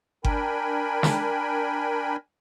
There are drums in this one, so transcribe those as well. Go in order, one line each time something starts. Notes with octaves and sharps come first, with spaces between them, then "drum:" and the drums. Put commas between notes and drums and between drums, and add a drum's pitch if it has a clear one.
D4 A#4 G5 G#5 B5, drum: kick G1
drum: snare